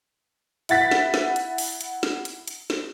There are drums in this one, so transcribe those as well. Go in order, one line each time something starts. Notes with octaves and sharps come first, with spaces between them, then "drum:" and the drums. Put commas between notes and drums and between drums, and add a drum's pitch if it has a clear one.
E4 F#5 A6 B6, drum: hi-hat
drum: snare
drum: snare
drum: hi-hat
drum: open hi-hat
drum: hi-hat
drum: snare
drum: hi-hat
drum: hi-hat
drum: snare